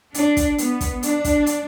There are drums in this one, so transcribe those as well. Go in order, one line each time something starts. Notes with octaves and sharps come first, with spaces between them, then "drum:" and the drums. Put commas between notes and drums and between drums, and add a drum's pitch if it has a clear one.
D4, drum: hi-hat
drum: kick, hi-hat
B3, drum: hi-hat
drum: kick, hi-hat
D4, drum: hi-hat
drum: kick, hi-hat
drum: hi-hat